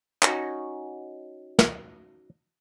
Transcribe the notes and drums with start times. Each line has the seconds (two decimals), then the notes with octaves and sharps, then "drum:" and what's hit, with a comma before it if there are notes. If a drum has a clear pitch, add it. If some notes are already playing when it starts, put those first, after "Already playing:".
0.23 C#4 D#4 F#4, drum: clap
1.59 drum: snare